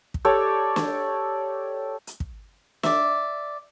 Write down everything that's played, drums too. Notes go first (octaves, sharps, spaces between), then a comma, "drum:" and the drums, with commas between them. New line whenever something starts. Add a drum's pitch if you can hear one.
drum: kick
G4 A4 C#5 D5
drum: snare
drum: hi-hat
drum: kick
D5 E5, drum: snare